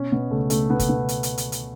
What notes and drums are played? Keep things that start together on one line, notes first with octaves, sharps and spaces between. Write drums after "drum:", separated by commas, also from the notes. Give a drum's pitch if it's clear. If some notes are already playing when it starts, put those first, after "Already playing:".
Already playing: B2 C#4
B2 B3
C#2 A3
C#2 A3, drum: hi-hat
B2 B3
drum: kick, hi-hat
B2 B3
drum: hi-hat
drum: hi-hat
drum: hi-hat
drum: hi-hat